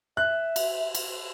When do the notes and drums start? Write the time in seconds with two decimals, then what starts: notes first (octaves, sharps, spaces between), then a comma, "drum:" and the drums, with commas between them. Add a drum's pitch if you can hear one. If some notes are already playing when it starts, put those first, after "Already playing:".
0.17 E5 F#6
0.56 drum: cymbal
0.95 drum: cymbal